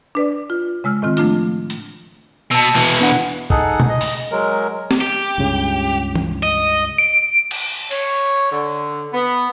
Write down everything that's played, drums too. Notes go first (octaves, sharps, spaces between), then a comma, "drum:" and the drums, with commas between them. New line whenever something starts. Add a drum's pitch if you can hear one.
D4 B4 D5
F4
C#3 G#3 E6 F6
A2 D#3 C4 F4
F3 A3 D4 F4, drum: hi-hat
drum: hi-hat
B2 A5 E6
B2 E3, drum: clap
B3 D4 F#5
D#4 G#4 A4 F#5, drum: kick
drum: tom B2
D#5
drum: open hi-hat
F#3 G#3 A#4
drum: snare
G4
C#2 G2 C#3
drum: tom E3
D#5
D7
drum: cymbal
C#5, drum: cymbal
D3
B3